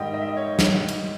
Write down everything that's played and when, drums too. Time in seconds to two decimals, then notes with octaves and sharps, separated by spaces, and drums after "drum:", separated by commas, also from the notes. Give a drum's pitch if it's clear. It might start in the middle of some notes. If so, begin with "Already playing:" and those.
Already playing: G#2 D#3 G3 D#5 G5
0.14 D#5
0.21 E5
0.28 D#5
0.37 C#5
0.59 drum: snare
0.88 drum: cymbal